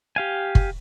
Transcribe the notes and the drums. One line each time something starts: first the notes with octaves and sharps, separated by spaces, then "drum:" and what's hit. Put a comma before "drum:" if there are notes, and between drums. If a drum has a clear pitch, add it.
G4 F5 G#5
drum: kick